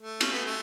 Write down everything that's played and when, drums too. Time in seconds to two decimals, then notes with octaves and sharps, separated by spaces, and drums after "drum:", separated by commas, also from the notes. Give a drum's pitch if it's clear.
0.01 A3
0.21 C#4, drum: cymbal
0.32 B3
0.45 A3